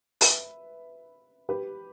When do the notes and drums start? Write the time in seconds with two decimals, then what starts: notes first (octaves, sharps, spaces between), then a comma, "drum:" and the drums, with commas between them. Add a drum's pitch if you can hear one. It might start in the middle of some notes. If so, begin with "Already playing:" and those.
0.21 B4 E5, drum: open hi-hat
1.49 G4 B4